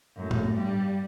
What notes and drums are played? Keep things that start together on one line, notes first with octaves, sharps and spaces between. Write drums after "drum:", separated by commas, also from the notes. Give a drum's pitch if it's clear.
F#2 A2
drum: tom A2
G2 G3